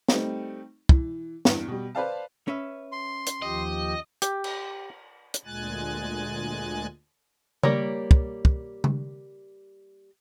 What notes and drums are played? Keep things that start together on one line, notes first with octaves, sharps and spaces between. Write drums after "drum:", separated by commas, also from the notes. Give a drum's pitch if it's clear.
G3 A3 C4 D#4, drum: snare
E3, drum: kick
E2 G2, drum: snare
B2 G3
B4 C5 D5 F5 A5
C#4 B4 E5
C6
drum: hi-hat
D#2 F3 G4 D#5
G4, drum: hi-hat
drum: cymbal
drum: hi-hat
D2 A#2 G#3 G#5 F#6 A6
G3 A#3 C#5, drum: tom C#3
drum: kick
drum: kick
drum: tom C#3